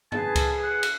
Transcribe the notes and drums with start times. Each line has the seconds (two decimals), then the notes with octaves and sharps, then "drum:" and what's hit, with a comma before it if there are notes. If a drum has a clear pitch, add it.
0.12 G#4 B4 A5, drum: tom G2
0.36 drum: kick C#2, cymbal
0.63 F#5
0.83 drum: cymbal